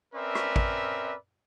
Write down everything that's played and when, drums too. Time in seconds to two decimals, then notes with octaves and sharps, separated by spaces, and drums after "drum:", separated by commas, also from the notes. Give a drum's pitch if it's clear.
0.14 C4 C#4 A#4 B4 D5 E5
0.35 drum: rim click
0.56 drum: kick A1